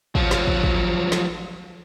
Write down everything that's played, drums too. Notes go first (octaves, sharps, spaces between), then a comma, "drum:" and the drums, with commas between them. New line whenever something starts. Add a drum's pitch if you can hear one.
F3 F#3, drum: kick
drum: snare
drum: kick
drum: kick
drum: snare